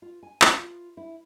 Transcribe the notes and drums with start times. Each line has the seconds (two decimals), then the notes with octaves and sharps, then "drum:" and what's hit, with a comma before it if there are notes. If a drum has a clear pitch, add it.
0.02 F4
0.23 G#5
0.42 E4, drum: clap
0.59 F4
0.97 E4